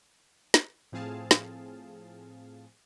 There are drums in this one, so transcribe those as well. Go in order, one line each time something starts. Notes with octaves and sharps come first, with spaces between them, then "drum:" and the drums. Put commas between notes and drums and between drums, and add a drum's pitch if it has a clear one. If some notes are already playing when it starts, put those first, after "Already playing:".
drum: snare
A2 F3 C4 G#4 F5 A5
drum: snare